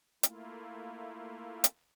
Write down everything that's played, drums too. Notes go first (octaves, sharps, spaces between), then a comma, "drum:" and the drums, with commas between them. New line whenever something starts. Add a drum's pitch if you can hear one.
A3 A#3 E4 F4, drum: hi-hat
drum: hi-hat